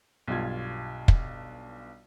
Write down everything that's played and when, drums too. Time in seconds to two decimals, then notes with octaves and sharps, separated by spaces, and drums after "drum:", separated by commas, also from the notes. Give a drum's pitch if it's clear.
0.28 B1 G2 F4 G#6
1.08 drum: kick